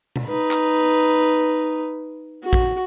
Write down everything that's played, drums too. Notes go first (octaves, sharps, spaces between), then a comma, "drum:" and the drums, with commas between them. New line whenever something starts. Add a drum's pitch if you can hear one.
drum: tom
D#4 B4
drum: clap
F#4
drum: kick